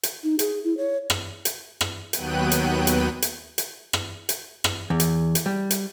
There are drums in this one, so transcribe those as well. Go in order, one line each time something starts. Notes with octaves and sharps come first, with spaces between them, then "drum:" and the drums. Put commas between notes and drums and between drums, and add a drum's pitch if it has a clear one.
drum: hi-hat
D#4
G#4, drum: hi-hat
E4
C#5
drum: rim click
drum: hi-hat
drum: rim click
D#2 F#3 B3 G5 F#6 D#7, drum: hi-hat
drum: hi-hat
drum: hi-hat
drum: hi-hat
drum: hi-hat
drum: rim click
drum: hi-hat
drum: rim click
E2
drum: hi-hat
drum: hi-hat
G3
drum: hi-hat